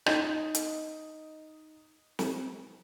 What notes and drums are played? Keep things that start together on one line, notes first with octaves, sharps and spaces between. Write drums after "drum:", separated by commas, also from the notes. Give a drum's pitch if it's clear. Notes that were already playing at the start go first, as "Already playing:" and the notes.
D#4 D#5, drum: rim click
drum: hi-hat
drum: snare